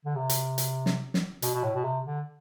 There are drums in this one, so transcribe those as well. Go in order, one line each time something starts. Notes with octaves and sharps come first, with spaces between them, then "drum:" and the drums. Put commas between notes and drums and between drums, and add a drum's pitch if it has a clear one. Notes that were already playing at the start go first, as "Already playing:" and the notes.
D3
C3
drum: hi-hat
drum: hi-hat
drum: snare
drum: snare
B2, drum: hi-hat
B2
A2
B2
C3
D3